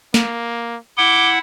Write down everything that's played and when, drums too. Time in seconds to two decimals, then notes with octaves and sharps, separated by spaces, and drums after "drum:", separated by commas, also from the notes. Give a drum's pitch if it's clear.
0.14 A#3, drum: snare
0.98 E4 F#5 D6 G7